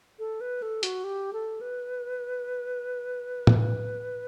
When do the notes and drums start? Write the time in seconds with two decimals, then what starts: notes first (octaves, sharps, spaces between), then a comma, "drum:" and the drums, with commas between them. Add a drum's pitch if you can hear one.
0.19 A4
0.41 B4
0.62 A4
0.83 F#4, drum: hi-hat
1.04 G4
1.33 A4
1.61 B4
3.47 drum: tom
3.59 B4